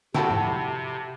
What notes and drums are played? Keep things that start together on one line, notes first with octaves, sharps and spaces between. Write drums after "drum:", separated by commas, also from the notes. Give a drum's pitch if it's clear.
C3 E4 F#4 A4 G5 A5 B5, drum: snare
drum: tom G#2